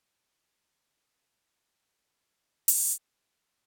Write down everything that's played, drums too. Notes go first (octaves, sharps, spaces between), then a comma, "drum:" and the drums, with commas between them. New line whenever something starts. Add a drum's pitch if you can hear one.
A1 F2 A2 D#3 E3
F3
F4
C#2 C#4
A1 D#3 F3 G3 G#6
drum: open hi-hat
A#3
A3 C4 A5 C6
C5